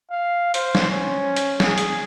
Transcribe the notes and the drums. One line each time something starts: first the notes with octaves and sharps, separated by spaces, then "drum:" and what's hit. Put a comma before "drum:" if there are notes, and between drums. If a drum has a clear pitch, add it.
F5
C5, drum: hi-hat
drum: snare
C#4
drum: hi-hat
G#4, drum: snare
drum: hi-hat